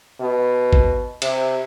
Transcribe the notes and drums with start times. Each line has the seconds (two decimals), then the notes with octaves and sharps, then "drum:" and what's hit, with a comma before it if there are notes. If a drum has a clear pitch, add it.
0.21 B2
0.73 drum: kick A1
1.22 C3, drum: cymbal